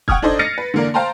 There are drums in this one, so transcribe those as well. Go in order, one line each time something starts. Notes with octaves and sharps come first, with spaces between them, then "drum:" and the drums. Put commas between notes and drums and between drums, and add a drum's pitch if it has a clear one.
F#5 G5 C#6 D#6 F6 G#6, drum: kick
D4 D#4 A4 C5 D5 D#5
F6 A6 A#6 C7 C#7 D#7
B4
D3 E3 A#3 A#4 D5
C5 F5 G5 A5 A#5 C6